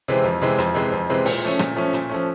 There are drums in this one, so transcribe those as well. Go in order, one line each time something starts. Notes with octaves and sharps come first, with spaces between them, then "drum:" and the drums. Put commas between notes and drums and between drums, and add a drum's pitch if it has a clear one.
C3 E3 G#3 C4
F2
C3 E3 G#3 C4
F2, drum: hi-hat
C3 E3 G#3 C4
F2
C3 E3 G#3 C4
A#2, drum: open hi-hat
F3 A3 C#4
A#2, drum: rim click
F3 A3 C#4
A#2, drum: hi-hat
F3 A3 C#4